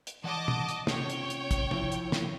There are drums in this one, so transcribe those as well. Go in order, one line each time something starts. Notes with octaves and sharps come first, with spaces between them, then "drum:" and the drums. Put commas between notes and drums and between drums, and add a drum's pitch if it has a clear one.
drum: hi-hat
E3 D#5 F#5 A5 D6
drum: tom
drum: hi-hat
C3 C#4 F4 C#5 G5, drum: snare
drum: hi-hat
drum: hi-hat
drum: kick, hi-hat
F3 E4 F4, drum: tom
drum: hi-hat
drum: snare